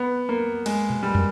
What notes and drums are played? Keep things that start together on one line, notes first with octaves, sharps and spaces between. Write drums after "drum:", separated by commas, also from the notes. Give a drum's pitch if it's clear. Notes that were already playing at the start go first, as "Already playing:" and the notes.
Already playing: B3
A#3
G#3, drum: cymbal
drum: tom A#2
G3
drum: tom